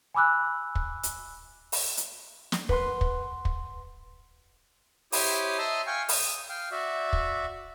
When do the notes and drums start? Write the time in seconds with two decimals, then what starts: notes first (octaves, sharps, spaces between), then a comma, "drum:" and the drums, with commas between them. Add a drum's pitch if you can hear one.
0.15 G#5 B5 D6 E6 F#6
0.75 drum: kick
1.03 drum: hi-hat
1.72 drum: open hi-hat
1.97 drum: hi-hat
2.52 drum: snare
2.69 B4 F#5 C6 F#6, drum: kick
3.01 drum: kick
3.45 drum: kick
5.12 E4 G4 C5 C#5 D6 D#6, drum: open hi-hat
5.58 D#5 E5 A5 A#5 C6
5.87 F5 G5 G#5 C#6
6.09 D#6, drum: open hi-hat
6.49 F5 G5
6.72 F#4 D5 E5
7.13 drum: kick